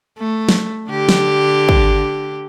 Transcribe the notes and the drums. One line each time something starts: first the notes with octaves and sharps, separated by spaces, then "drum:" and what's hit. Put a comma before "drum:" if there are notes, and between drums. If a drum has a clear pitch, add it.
A3
drum: snare
D3 G4
drum: snare
drum: kick